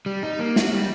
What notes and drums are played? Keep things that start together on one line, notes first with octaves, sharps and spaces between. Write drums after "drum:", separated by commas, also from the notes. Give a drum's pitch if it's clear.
G3
D#4
A#3
F#4, drum: snare
G3